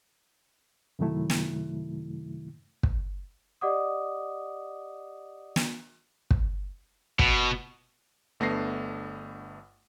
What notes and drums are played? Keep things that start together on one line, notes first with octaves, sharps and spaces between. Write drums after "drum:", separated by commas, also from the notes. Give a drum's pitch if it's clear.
F#2 C3 D#3 F#3 A3 E4
drum: snare
drum: kick
G4 D5 D#5 F#5 D6 D#6
drum: snare
drum: kick
B2, drum: kick
G1 A3 B3 D4 A#6 C7